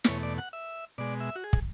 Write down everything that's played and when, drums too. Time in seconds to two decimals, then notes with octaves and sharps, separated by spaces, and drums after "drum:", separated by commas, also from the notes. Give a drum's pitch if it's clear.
0.04 B4, drum: snare
0.07 E2 B2 A3 C#5
0.23 D5
0.38 F#5
0.53 E5
0.98 B2 G#3 D5
1.20 E5
1.36 F#4
1.44 G#4
1.53 drum: kick